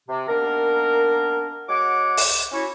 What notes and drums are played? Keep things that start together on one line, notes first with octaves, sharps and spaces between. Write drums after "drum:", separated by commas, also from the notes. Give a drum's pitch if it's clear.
C3
D#3 A#3 B3 D4 A#4
G#3 F#4 C#5 F#5 D6
drum: open hi-hat
C#4 E4 F#4 C#5